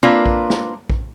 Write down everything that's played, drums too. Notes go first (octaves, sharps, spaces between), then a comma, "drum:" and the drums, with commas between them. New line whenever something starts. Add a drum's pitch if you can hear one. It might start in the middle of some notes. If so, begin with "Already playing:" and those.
A#3 C4 D4 F4 A#4 B4
drum: kick A#1
drum: snare
drum: kick A#1